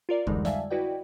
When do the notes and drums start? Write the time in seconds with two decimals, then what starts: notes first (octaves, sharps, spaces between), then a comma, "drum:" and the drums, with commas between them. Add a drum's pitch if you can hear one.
0.09 F4 A#4 D5
0.27 F2 D3 E3 G3 G#3 D#4, drum: kick
0.45 D5 E5 F5 G#5 A5, drum: snare
0.70 E4 F#4 B4 D5 D#5 G5